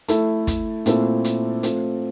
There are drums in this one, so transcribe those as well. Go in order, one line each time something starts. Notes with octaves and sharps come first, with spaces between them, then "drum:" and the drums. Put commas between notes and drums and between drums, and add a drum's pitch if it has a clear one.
A3 E4 A4, drum: hi-hat
drum: kick, hi-hat
A#2 A3 C4 E4 A4, drum: hi-hat
drum: hi-hat
A3 C4 F4, drum: hi-hat